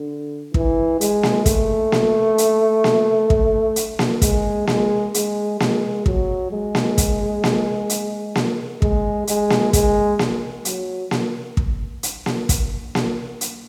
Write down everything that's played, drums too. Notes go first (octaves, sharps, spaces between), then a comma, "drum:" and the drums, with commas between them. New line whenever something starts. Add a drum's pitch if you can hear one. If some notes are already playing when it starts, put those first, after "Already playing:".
Already playing: D3
E3, drum: kick
G#3, drum: hi-hat
drum: snare A#3
A3, drum: kick, hi-hat
drum: snare A#3
drum: hi-hat
drum: snare A#3
drum: kick
drum: hi-hat
drum: snare A#3
G#3, drum: kick, hi-hat
G#3, drum: snare A#3
G#3, drum: hi-hat
G#3, drum: snare A#3
F#3, drum: kick
G#3
drum: snare A#3
drum: kick, hi-hat
drum: snare A#3
drum: hi-hat
drum: snare A#3
G#3, drum: kick
G#3, drum: hi-hat
drum: snare A#3
G#3, drum: kick, hi-hat
drum: snare A#3
F#3, drum: hi-hat
drum: snare A#3
drum: kick
drum: hi-hat
drum: snare A#3
drum: kick, hi-hat
drum: snare A#3
drum: hi-hat